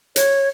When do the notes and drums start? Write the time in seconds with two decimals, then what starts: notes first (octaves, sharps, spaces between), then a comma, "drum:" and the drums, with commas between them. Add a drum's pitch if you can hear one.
0.16 C#5, drum: hi-hat